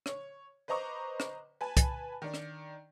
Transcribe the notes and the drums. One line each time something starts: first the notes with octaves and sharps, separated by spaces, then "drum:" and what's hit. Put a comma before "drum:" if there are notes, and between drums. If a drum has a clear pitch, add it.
C#5, drum: rim click
B4 C5 D#5 A#5 C#6 D6
drum: rim click
B4 G#5 A5
drum: kick, hi-hat
D#3 D4
drum: rim click